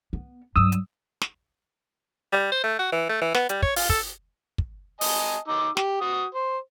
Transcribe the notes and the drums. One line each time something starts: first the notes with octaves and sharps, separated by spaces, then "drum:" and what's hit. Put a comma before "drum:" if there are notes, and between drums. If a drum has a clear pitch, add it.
B3
G2 F#3 D#6 E6
drum: hi-hat
drum: snare
G3
C5
A3
F#4
E3
A3
E3
B3, drum: snare
G3, drum: hi-hat
C#5, drum: kick
F4, drum: open hi-hat
A4, drum: kick
drum: kick
D#5 G#5 A5, drum: open hi-hat
D#4 D6 E6
G4, drum: snare
F#4 D#6
C5